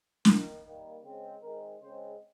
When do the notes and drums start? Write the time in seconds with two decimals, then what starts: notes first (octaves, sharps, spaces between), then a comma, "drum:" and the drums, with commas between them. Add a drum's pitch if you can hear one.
0.25 D#3 A#3, drum: snare
0.63 D#3 G3 A#3
1.02 C#3 G#3 C4
1.41 D#3 G#3 C4 A#4
1.81 C#3 G#3 C4 C5